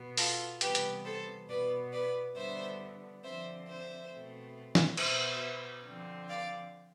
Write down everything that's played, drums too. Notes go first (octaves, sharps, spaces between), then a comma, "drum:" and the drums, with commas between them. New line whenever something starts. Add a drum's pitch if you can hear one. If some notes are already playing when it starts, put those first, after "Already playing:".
Already playing: B2 B3
F4 A4, drum: open hi-hat
C3 E3 G3 B3 G4 B4, drum: hi-hat
drum: hi-hat
A4 C5
B2 B3 B4 D5
B4 D5
D3 G3 B3 C5 E5
D3 F3 C4 C5 E5
C5 E5
B2 A3 C4
drum: snare
B2 B3 C5 E5, drum: cymbal
D3 F3 C4
D5 F5